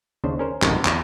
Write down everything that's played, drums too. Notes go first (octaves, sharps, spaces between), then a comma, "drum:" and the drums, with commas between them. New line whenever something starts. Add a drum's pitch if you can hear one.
D#2 C#3 D4 C5
C#4 A#4 C5
A1 F#2 C3 D#3 G3 G#5, drum: clap
E2, drum: clap